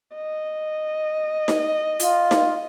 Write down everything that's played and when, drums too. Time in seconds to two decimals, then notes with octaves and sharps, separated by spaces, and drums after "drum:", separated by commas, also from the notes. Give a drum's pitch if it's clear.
0.15 D#5
1.48 drum: snare D#4
2.00 F4, drum: hi-hat
2.31 drum: snare D#4